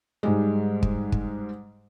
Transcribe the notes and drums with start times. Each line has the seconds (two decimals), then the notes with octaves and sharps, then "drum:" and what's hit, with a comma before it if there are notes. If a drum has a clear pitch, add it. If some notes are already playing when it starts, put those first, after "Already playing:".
0.23 G#2 G3 G#3
0.83 drum: kick
1.12 drum: kick